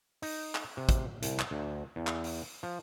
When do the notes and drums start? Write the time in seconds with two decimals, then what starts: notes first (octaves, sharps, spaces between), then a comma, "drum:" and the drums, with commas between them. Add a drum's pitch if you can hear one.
0.22 D#4, drum: open hi-hat
0.55 drum: clap
0.77 C3
0.89 drum: kick, hi-hat
1.22 C2, drum: hi-hat
1.39 drum: clap
1.51 D2
1.96 E2
2.07 drum: clap
2.24 drum: open hi-hat
2.63 F3